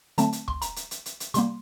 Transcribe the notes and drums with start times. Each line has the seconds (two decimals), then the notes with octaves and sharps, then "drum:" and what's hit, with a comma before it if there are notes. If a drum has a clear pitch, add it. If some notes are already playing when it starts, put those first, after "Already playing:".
0.18 D3 F#3 A3 C4 A5, drum: hi-hat
0.32 drum: hi-hat
0.48 C6, drum: kick
0.62 A#5, drum: hi-hat
0.76 drum: hi-hat
0.91 drum: hi-hat
1.06 drum: hi-hat
1.20 drum: hi-hat
1.34 C3 G3 A#3 C6, drum: hi-hat